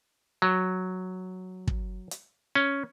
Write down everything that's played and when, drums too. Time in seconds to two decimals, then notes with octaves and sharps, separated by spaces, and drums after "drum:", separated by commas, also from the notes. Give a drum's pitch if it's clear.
0.42 F#3
1.67 drum: kick
2.11 drum: hi-hat
2.55 C#4